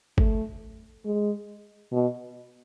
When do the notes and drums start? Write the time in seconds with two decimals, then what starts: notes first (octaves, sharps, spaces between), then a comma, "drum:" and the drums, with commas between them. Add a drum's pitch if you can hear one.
0.18 A3, drum: kick G1
1.05 G#3
1.92 B2